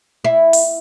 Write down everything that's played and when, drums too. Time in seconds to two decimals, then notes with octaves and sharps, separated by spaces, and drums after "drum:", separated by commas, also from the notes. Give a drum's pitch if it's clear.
0.24 E4
0.53 drum: open hi-hat